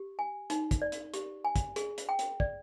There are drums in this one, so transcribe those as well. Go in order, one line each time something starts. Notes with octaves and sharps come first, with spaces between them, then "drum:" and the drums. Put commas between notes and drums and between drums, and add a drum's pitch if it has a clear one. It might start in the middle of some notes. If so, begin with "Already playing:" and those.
Already playing: G4
G#5
D#4, drum: hi-hat
drum: kick, hi-hat
D5
drum: hi-hat
G4, drum: hi-hat
G#5
drum: kick, hi-hat
G#4, drum: hi-hat
drum: hi-hat
G5
drum: hi-hat
D5, drum: kick